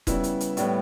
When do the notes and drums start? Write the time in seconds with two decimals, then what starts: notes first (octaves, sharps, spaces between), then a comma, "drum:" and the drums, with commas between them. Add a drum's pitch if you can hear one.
0.07 C#3 G3 B3 E4, drum: kick D#1, hi-hat
0.24 drum: hi-hat
0.40 drum: hi-hat
0.57 A2 G3 B3, drum: hi-hat